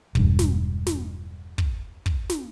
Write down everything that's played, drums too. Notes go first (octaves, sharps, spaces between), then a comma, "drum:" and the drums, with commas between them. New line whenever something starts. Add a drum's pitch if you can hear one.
E1 G2, drum: kick
drum: snare
drum: snare
drum: kick
drum: kick
drum: snare